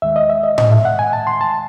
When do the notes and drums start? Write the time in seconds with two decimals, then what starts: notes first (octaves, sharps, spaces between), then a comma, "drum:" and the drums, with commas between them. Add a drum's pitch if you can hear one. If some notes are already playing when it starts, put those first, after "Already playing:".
0.02 D#2 D#3 G#3 E5
0.16 D#5
0.30 E5
0.44 D#5
0.58 D#5, drum: tom A2
0.71 E5
0.85 F#5
0.99 G#5
1.13 A5
1.27 C6
1.41 A5